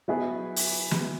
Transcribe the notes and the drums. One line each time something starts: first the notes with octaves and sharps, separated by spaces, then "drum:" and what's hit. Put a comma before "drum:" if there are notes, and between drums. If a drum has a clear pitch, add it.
F#3 B3 E4 G#4 B4
drum: open hi-hat
F#3 B3 E4 G#4 B4, drum: snare